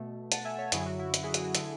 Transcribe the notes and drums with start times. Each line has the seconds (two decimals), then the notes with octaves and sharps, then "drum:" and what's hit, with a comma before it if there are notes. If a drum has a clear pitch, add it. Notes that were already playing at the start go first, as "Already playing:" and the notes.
Already playing: B2 A3
0.32 F#5 A5, drum: hi-hat
0.45 E5 G#5
0.58 C#5 E5
0.72 F#2 D3 F#3 E4 G#4, drum: hi-hat
0.86 F#4
0.99 E4
1.14 F#4, drum: hi-hat
1.23 E4 G#4
1.34 F#4, drum: hi-hat
1.44 F#4
1.55 D3 A3 E4 G#4, drum: hi-hat